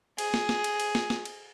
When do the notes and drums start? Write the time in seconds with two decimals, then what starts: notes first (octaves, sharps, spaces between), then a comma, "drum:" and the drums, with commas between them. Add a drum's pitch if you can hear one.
0.18 G#4, drum: cymbal
0.34 drum: snare
0.49 drum: snare
0.64 drum: cymbal
0.80 drum: cymbal
0.95 drum: snare
1.10 drum: snare
1.25 drum: cymbal